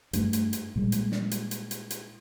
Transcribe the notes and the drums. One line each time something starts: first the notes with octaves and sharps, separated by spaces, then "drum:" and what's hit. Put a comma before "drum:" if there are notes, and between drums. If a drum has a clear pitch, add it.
G2 A3, drum: hi-hat
drum: hi-hat
drum: hi-hat
A#2 G3 G#3
drum: hi-hat
drum: snare
drum: hi-hat
drum: hi-hat
drum: hi-hat
drum: hi-hat